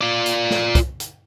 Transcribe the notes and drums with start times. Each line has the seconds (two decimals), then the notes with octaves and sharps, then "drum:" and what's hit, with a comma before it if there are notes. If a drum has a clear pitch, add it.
0.01 F4 D5
0.26 drum: hi-hat
0.50 drum: snare
0.75 drum: kick, hi-hat
1.00 drum: hi-hat